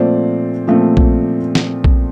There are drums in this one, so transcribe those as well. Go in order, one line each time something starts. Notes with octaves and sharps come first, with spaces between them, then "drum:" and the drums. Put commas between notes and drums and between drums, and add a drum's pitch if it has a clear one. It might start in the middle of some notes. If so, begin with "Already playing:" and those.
Already playing: A#2 F3 A3 C4 C5 D5
A#2 F3 A3 C4
drum: kick A#1
drum: snare
drum: kick A#1